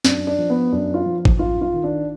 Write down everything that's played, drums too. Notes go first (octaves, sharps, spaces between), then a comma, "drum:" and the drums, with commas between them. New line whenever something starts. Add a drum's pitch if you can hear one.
F#2 D4, drum: snare
D4
F3
B3
F#2 D4
F4
F3
drum: kick G#1
F#2 F4
F4
D#3
D4